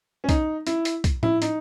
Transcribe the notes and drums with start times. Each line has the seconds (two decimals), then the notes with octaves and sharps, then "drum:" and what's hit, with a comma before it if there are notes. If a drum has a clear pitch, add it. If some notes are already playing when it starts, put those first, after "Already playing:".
0.24 C#4
0.29 D#4, drum: kick, hi-hat
0.67 E4, drum: hi-hat
0.85 drum: hi-hat
1.04 drum: kick, hi-hat
1.23 E4, drum: tom A2
1.42 D#4, drum: hi-hat